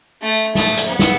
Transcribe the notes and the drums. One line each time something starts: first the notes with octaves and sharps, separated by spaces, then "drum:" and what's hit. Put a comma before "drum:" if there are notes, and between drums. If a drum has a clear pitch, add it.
A3
A3, drum: snare
drum: hi-hat
B3
drum: snare